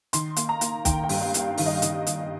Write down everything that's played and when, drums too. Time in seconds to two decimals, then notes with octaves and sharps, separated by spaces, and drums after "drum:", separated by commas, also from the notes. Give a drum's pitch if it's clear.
0.13 D#3 C6, drum: hi-hat
0.36 A#3, drum: hi-hat
0.49 A#5
0.61 A#3, drum: hi-hat
0.85 D#3 G5, drum: kick, hi-hat
1.04 G5
1.09 G2, drum: open hi-hat
1.22 F5
1.34 G3, drum: hi-hat
1.39 F5
1.57 D#3 F5, drum: open hi-hat
1.66 D#5
1.74 F5
1.82 D#3, drum: hi-hat
2.07 D#3, drum: hi-hat